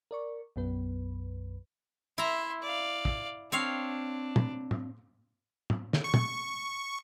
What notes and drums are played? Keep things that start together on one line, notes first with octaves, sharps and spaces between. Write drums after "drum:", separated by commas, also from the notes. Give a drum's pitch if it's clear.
A#4 D5 C#6
B1 F#2 B3 B4
E4 E5 A#5 C6
D5 F5
drum: kick
C4 D4 C#5 F5
drum: tom
drum: tom
drum: tom
drum: snare
C#6
drum: tom